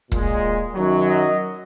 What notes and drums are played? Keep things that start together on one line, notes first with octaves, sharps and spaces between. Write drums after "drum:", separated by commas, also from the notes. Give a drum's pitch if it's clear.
A#2 G#3, drum: kick
F#2 D#3 F#3
D#5